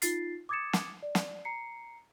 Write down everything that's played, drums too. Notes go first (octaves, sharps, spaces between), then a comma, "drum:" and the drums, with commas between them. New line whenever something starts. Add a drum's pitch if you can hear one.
D#4 F4 A6 C7, drum: hi-hat
D6 D#6 G#6 A6 C#7 E7
drum: snare
D5
drum: snare
A#5 C7 C#7